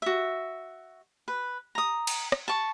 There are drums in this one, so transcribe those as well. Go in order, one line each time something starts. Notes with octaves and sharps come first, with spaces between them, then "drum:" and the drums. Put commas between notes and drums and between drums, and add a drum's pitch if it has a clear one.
F#4 E5
B4
A#5 D#6
drum: cymbal
drum: rim click
A5 C#6